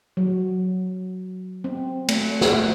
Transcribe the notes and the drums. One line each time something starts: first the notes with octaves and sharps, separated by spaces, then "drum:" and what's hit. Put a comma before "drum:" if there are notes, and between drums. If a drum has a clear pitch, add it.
F#3
C4
A3, drum: cymbal
drum: snare